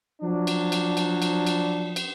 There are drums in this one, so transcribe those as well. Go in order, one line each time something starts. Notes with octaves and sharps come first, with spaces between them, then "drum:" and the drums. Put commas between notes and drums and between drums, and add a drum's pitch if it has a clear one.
F3 F#3 D4
drum: cymbal
drum: cymbal
drum: cymbal
drum: cymbal
drum: cymbal
drum: cymbal